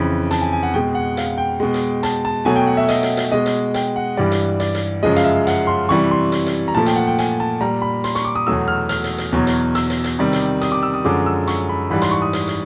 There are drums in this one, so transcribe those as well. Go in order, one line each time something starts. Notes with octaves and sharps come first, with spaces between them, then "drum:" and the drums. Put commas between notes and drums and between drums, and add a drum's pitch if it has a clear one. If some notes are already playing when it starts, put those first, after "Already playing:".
Already playing: F2 C#3 E3 B5
A5, drum: hi-hat
G#5
G#5
F#5
B2 G#3 G5
F#5
F5, drum: hi-hat
G5
B2 G#3
drum: hi-hat
A5, drum: hi-hat
A5
B2 F#3 A3 G#5
G5
F#5
E5
D#5, drum: hi-hat
drum: hi-hat
drum: hi-hat
B2 G#3 D#5
drum: hi-hat
G5, drum: hi-hat
F#5
G2 E3 G3 D5
drum: hi-hat
D5, drum: hi-hat
drum: hi-hat
F#2 C#3 F3 G#3 D#5
F5, drum: hi-hat
E5
F#5, drum: hi-hat
C6
C3 E3 G3 C#6
C6
drum: hi-hat
drum: hi-hat
A#5
A#2 F3 A3 A5
G5, drum: hi-hat
F#5
G5
G#5, drum: hi-hat
A5
A#2 G3 A#5
B5
C6, drum: hi-hat
C#6, drum: hi-hat
D6
D#6
E2 B2 F#3 A3 E6
F6
F6, drum: hi-hat
drum: hi-hat
drum: hi-hat
E2 B2 F#3
drum: hi-hat
E6, drum: hi-hat
drum: hi-hat
drum: hi-hat
C3 D#3 G3
drum: hi-hat
D#6, drum: hi-hat
D6
E6
D#6
F#2 D3 F3 G#3 D6
E6
C#6, drum: hi-hat
B5
G#2 E3 G3 B5
C6, drum: hi-hat
C#6
D#6
drum: hi-hat
drum: hi-hat